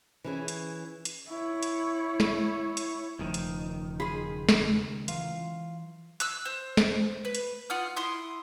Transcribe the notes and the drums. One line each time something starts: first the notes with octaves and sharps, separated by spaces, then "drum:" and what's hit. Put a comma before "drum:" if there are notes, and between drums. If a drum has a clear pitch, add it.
E3 C#4 G#4
drum: hi-hat
drum: hi-hat
E4 C#5
drum: hi-hat
drum: snare
drum: hi-hat
E1 C#2 D#3 F3 A3
drum: hi-hat
G#4 B5 C6
drum: snare
E3 F#3 F4, drum: hi-hat
E6 F#6, drum: hi-hat
C5
drum: snare
B4
drum: hi-hat
F4 F#5 D#6 F6
E4 C6 D#6